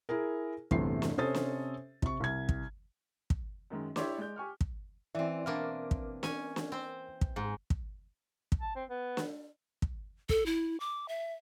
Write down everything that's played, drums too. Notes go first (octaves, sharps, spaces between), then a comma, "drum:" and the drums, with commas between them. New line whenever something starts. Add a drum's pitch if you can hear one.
E4 G#4 A#4
G1 E2 C3 A3 C7, drum: kick
drum: snare
C3 C#4 A4 C5 D#6 A6
drum: snare
C3 C#6, drum: kick
C2 G#6
drum: kick
drum: kick
F#2 D#3 G#3
E4 G4 C#5 D5 C6 D6, drum: snare
G#3 D5 G6
G4 G#5 C#6 F6
drum: kick
E3 C4 E4 D5 E5
B2 A#3 D4 A#4 D6 F6
drum: kick
C#4 G#5, drum: snare
drum: snare
C4 C5
drum: kick
G#2
drum: kick
drum: kick
A5
C4
B3
drum: snare
drum: kick
A4, drum: kick
E4
D6
E5